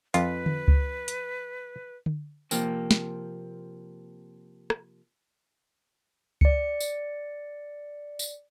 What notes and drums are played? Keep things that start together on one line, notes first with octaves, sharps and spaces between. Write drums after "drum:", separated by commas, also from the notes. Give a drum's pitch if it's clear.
F2 F4 B4, drum: hi-hat
drum: tom D3
drum: kick C#2
drum: hi-hat
drum: tom D3
C3 F3 A#3 C4, drum: tambourine
drum: snare
drum: rim click
D5 C#7, drum: kick C#2
drum: tambourine
drum: tambourine